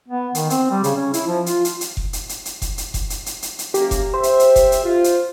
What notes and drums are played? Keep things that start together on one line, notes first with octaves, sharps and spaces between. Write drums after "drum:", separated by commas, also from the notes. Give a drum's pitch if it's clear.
B3
D#3, drum: hi-hat
C4, drum: hi-hat
G3
C#3, drum: hi-hat
C#4
E4, drum: hi-hat
F3
F4, drum: hi-hat
drum: hi-hat
drum: hi-hat
drum: kick F1
drum: hi-hat
drum: hi-hat
drum: hi-hat
drum: kick F1, hi-hat
drum: hi-hat
drum: kick F1, hi-hat
drum: hi-hat
drum: hi-hat
drum: hi-hat
drum: hi-hat
F#2 A#3 G4, drum: hi-hat
drum: kick F1, hi-hat
G4 C5 E5
drum: hi-hat
drum: hi-hat
drum: kick F1, hi-hat
drum: hi-hat
F4
drum: hi-hat